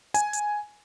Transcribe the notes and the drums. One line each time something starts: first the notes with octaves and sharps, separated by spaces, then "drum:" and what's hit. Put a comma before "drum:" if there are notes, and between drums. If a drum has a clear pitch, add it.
G#5, drum: hi-hat
drum: hi-hat